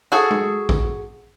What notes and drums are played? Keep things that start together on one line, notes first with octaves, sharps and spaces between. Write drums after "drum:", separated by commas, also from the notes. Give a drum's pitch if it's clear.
F#4 G#4 A4
drum: tom G#3
drum: kick A1